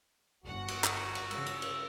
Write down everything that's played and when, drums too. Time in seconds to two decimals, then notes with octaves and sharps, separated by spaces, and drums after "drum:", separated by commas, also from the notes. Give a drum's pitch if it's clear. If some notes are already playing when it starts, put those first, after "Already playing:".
0.44 G1 F#4 F#5
0.68 drum: cymbal
0.84 drum: clap
1.15 drum: cymbal
1.31 C#3 E6, drum: cymbal
1.46 drum: cymbal
1.62 drum: cymbal